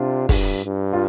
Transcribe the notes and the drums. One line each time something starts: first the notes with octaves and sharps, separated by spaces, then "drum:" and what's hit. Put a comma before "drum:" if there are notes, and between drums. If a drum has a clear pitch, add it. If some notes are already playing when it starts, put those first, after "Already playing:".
Already playing: C3 D4 F4
G2, drum: kick, open hi-hat
G2
F4